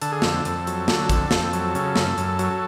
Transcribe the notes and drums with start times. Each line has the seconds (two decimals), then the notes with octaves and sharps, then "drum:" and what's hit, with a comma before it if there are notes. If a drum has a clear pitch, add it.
0.01 D3 A4, drum: hi-hat
0.12 G#4
0.22 F2 A4, drum: snare
0.45 F2, drum: hi-hat
0.67 F#3, drum: hi-hat
0.88 D3, drum: snare
1.09 F2, drum: kick, hi-hat
1.31 F2, drum: snare
1.53 F#3, drum: hi-hat
1.75 C#3, drum: hi-hat
1.96 F#2, drum: snare
2.18 F#2, drum: hi-hat
2.39 F#3, drum: hi-hat